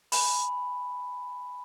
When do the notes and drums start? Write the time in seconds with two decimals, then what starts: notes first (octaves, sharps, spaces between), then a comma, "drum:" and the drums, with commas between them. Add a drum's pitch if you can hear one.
0.12 G#5 B5, drum: open hi-hat